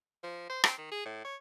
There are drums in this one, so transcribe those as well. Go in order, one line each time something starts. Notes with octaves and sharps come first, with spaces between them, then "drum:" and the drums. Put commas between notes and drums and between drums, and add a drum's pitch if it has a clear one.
F3
C5
C4, drum: rim click
D#3
G#4
A2
C#5